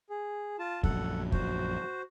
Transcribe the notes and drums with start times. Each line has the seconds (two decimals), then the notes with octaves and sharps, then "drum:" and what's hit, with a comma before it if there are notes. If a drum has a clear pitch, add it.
0.10 G#4
0.59 F4 A5
0.83 A#1 F#2 A4 F#5, drum: kick
1.32 F#4 C5, drum: kick